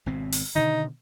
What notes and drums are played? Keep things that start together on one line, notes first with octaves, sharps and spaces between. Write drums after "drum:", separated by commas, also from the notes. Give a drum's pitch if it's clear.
G#1 B2 C4
drum: open hi-hat
B2 D3 D#3 D#4